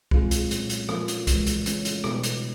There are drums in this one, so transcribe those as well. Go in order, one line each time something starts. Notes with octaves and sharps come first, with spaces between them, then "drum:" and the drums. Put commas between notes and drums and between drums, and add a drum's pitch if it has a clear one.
G#3 C4 F4 G#4, drum: kick C2
drum: hi-hat
A#2 F#3 A3 C#4, drum: hi-hat
drum: hi-hat
F3 A#3 C#4 F4, drum: rim click
drum: hi-hat
C#3 E3 G#3, drum: kick C2, hi-hat
drum: hi-hat
A3 C#4 F4, drum: hi-hat
drum: hi-hat
B2 G3 B3 D#4 G4, drum: rim click
drum: hi-hat